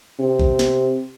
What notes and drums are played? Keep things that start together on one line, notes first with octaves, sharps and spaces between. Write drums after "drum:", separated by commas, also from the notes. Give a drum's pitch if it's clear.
C3
drum: kick A#1
drum: snare